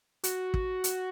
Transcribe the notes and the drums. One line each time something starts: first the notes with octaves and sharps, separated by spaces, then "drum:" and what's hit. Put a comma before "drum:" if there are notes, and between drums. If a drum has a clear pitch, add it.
F#4, drum: hi-hat
drum: kick
drum: hi-hat